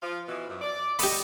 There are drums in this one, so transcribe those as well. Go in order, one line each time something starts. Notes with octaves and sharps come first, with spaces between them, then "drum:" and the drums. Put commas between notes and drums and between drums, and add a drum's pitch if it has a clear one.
F3 F4
B2 E3
F#2
D5
G4 A4 D#5 B5, drum: open hi-hat